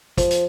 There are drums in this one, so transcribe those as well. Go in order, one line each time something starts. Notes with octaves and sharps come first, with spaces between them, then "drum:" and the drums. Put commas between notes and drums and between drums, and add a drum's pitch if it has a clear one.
F3, drum: kick, hi-hat
drum: hi-hat